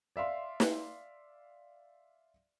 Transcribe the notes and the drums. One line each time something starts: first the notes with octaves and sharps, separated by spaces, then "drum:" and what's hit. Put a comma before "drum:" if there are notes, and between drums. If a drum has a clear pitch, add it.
D5 E5 F5 C6
drum: snare